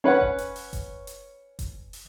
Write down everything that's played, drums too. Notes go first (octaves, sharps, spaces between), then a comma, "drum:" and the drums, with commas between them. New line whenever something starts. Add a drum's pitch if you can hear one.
C#4 B4 C#5 F#5
drum: kick F#1
drum: hi-hat
drum: open hi-hat
drum: kick F#1, hi-hat
drum: hi-hat
drum: kick F#1, hi-hat
drum: open hi-hat